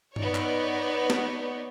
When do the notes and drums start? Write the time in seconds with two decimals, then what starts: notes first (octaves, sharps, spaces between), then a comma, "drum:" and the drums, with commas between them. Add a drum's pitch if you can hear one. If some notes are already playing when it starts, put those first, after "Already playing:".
0.16 B3 D#4 C#5 D5, drum: tom G2
0.35 drum: clap
1.10 drum: snare